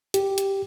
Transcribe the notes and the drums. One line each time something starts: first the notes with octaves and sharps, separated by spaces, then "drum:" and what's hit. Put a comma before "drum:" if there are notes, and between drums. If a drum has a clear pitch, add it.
G4, drum: hi-hat
drum: hi-hat